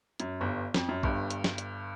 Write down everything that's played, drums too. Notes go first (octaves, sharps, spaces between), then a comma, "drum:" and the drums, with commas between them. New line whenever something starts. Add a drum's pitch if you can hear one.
F#2, drum: hi-hat
G1 G2
F2, drum: snare
F#2
G1 G2, drum: kick A#1
drum: hi-hat
drum: snare
drum: hi-hat